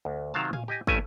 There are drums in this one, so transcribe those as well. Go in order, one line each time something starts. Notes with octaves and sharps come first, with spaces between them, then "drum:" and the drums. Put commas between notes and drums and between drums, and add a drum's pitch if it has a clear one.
D2
C3 D#3 F#3 F5 A5
F5 G#5, drum: tom A2
G4 D#5 G#5
A1 G2 A3 C#4 E4 G#5, drum: kick